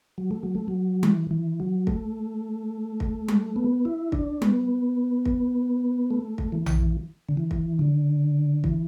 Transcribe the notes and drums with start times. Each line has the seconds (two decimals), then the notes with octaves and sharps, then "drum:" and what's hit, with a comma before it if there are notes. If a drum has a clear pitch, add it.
0.18 F#3
0.31 A3
0.43 F#3
0.55 A3
0.68 F#3
1.03 E3, drum: tom G3
1.31 E3
1.60 F#3
1.87 A3, drum: kick
3.00 drum: kick
3.28 drum: tom G3
3.56 B3
3.85 E4
4.12 D4, drum: kick
4.42 B3, drum: tom G3
5.25 drum: kick
6.11 A3
6.38 drum: kick
6.52 E3
6.66 drum: tom A#1
7.29 D3
7.37 E3
7.51 drum: kick
7.79 D3
8.64 E3, drum: kick